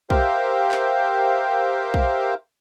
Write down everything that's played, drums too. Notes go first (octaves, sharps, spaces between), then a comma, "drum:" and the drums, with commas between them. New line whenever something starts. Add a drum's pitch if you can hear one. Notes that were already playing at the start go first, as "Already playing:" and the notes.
G4 A#4 C5 E5 F5 G5, drum: kick B1
drum: clap
drum: kick B1